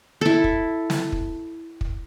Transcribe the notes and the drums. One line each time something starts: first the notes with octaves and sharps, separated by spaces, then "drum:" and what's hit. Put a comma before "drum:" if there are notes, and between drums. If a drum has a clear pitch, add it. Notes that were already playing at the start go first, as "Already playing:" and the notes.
E4 A4
drum: kick
drum: snare
drum: kick
drum: kick